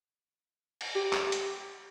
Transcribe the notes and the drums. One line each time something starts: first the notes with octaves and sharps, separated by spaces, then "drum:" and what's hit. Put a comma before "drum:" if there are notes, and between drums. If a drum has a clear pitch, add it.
drum: cymbal
G4
drum: clap
drum: hi-hat